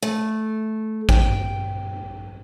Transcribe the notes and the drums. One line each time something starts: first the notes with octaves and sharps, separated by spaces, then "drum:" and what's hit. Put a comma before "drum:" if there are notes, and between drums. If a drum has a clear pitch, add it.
A3
G5, drum: kick A1